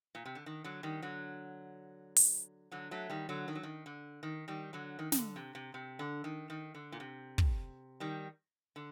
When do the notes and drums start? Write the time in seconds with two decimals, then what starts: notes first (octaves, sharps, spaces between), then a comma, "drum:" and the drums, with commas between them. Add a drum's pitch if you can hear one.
0.15 A#2
0.25 C3
0.35 D3
0.46 D#3
0.64 D3 F#3
0.83 D#3 G3
1.02 D3 F#3
2.16 drum: open hi-hat
2.71 D3 F#3
2.91 F#3 A3
3.10 D#3 G3
3.29 D3 F#3
3.48 D#3
3.55 F#3
3.63 D#3
3.86 D3
4.23 D#3
4.48 D#3 G3
4.73 D3 F#3
4.99 D#3
5.12 D#3, drum: snare
5.17 D3
5.36 C3
5.55 C3
5.74 C3
5.99 D3
6.24 D#3
6.50 D#3
6.75 D3
6.92 A#2
7.00 C3
7.38 drum: kick
8.00 D#3 G3
8.76 D3